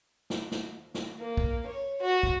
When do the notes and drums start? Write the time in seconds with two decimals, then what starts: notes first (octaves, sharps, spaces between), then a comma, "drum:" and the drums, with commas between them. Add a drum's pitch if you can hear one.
0.30 drum: snare
0.52 drum: snare
0.95 drum: snare
1.19 A#3
1.37 drum: kick
1.67 C#5
2.02 F#4
2.23 drum: kick